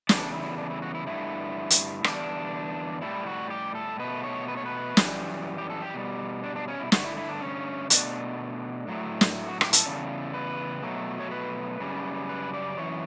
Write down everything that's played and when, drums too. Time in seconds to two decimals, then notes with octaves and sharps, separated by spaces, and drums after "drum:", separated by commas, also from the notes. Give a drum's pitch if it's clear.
0.09 E2 C#3 G3 D4, drum: snare
0.34 E4
0.58 D4
0.70 E4
0.82 F#4
0.95 E4
1.07 G2 D3 A3 E4
1.70 drum: hi-hat
2.04 E2 D3 G3 D4, drum: rim click
3.01 A2 G3 E4
3.27 F#4
3.51 G4
3.75 A4
4.00 B2 A3 B4
4.24 C#5
4.48 B4
4.57 C#5
4.66 B4
4.97 F#2 E3 G3, drum: snare
5.58 G4
5.70 A4
5.82 G4
5.94 B2 G3
6.44 D4
6.56 D4
6.68 C#4
6.80 E4
6.92 G2 D3 A3 F#4, drum: snare
7.04 E4
7.17 E4
7.29 D4
7.41 C#4
7.90 B2 A3 D4, drum: hi-hat
8.88 A2 F#3 A3
9.21 drum: snare
9.48 F#4
9.61 G4, drum: rim click
9.73 A4, drum: hi-hat
9.85 E2 C#3 G3
10.34 B4
10.83 B2 F#3 A3
11.20 C#5
11.31 B4
11.80 F#2 C#3 G3
12.29 B4
12.53 D5
12.78 F#2 E3 C#5